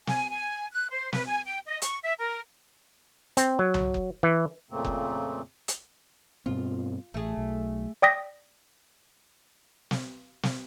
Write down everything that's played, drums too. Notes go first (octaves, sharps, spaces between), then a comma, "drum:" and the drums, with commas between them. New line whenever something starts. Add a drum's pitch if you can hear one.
G#5, drum: snare
G#5
F#6
C5
B4, drum: snare
G#5
G5
D#5
C#6, drum: hi-hat
E5
A#4
C4, drum: hi-hat
F#3
drum: tom C2
drum: kick F#1
E3
F2 A#2 C#3 A3 A#3 C4
drum: kick F#1
drum: hi-hat
G2 B2 C4 F4
A1 A3 G#4
B1
D5 G5 D#6 A#6 B6
drum: snare
drum: snare